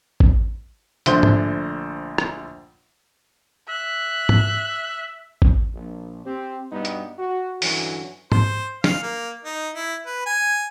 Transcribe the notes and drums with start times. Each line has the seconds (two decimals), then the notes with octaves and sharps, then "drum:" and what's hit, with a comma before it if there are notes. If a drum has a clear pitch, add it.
0.20 drum: kick A1
1.06 A#1 D3 A3 D4 C5 G7, drum: hi-hat
1.23 drum: tom G#2
2.18 drum: rim click
3.68 E5 F#6
4.29 drum: tom G#2
5.42 drum: kick A1
5.75 A#1
6.26 C4 G4
6.72 G2 B2 G3 B3 D#4
6.85 drum: hi-hat
7.19 F#4
7.62 G2 D3 E3 F#3 C#4 F#4, drum: open hi-hat
8.32 C5, drum: tom G#2
8.84 F5, drum: snare
9.03 A#3
9.45 D#4
9.75 E4
10.06 B4
10.26 G#5